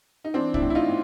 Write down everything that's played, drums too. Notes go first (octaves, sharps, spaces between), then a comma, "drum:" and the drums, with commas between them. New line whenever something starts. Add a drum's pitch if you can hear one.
D#4
E3 C4 D4
D4 E4, drum: kick
A2
E4
D#4 F4
A2